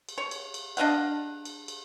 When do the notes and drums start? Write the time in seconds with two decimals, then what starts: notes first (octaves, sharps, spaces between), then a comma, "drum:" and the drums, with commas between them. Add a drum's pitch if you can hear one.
0.09 drum: cymbal
0.18 C#5
0.31 drum: cymbal
0.54 drum: cymbal
0.77 D4 D#5 F5 F#5, drum: cymbal
1.45 drum: cymbal
1.68 drum: cymbal